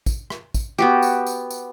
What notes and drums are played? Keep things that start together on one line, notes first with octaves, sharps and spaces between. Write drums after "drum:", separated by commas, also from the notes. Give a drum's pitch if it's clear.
drum: kick, tambourine
drum: rim click
drum: kick, tambourine
B3 F#4 G4
drum: tambourine
drum: tambourine
drum: tambourine